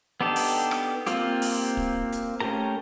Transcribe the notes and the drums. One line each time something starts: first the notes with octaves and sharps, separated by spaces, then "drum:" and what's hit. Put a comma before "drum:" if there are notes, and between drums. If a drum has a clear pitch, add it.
B3 D4 D#4 G4 A4
drum: open hi-hat
drum: rim click
A#3 C4 F4 G4, drum: hi-hat
drum: open hi-hat
drum: kick
drum: hi-hat
A3 C#4 G4 A#4 A#5